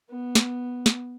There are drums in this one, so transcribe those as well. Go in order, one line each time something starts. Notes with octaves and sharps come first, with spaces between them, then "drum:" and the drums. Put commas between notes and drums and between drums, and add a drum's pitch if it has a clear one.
B3
drum: snare
drum: snare